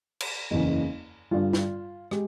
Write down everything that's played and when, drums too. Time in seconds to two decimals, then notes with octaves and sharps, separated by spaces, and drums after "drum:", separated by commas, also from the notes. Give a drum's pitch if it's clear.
0.20 drum: cymbal
0.51 F#1 E2 C#3
1.31 G2 D3 G3 F4
1.53 drum: snare
2.11 G#3 G4, drum: rim click